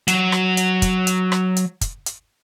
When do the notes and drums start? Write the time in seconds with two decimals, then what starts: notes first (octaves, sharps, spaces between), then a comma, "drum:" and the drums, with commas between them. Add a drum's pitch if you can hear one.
0.08 F#3, drum: hi-hat
0.32 drum: rim click
0.57 drum: hi-hat
0.82 drum: kick, hi-hat
1.07 drum: hi-hat
1.32 drum: rim click
1.57 drum: hi-hat
1.81 drum: kick, hi-hat
2.06 drum: hi-hat